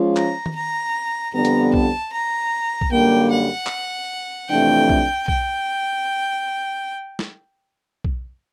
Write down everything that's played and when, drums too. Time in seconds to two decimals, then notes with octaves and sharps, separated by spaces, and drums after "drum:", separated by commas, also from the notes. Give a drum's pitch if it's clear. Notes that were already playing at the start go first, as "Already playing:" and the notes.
Already playing: F3 G#3 C#4 F4
0.16 A#5, drum: clap
0.46 drum: tom D#3
0.55 A#5
1.34 F2 D3 G3 B3 A#5
1.45 drum: hi-hat
1.74 A5, drum: kick B1
2.13 A#5
2.81 drum: kick B1
2.91 F#2 D3 G3 A#3 G5
3.31 F#5
3.67 drum: clap
4.49 F2 C3 E3 A3 D4 G5
4.89 drum: kick B1
5.28 G5, drum: kick B1
7.19 drum: snare
8.04 drum: kick B1